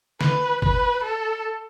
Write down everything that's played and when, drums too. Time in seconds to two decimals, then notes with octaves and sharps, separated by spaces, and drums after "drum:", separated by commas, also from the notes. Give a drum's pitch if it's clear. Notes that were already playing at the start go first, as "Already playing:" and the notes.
0.21 B4, drum: snare
0.62 B4, drum: kick G1
1.04 A4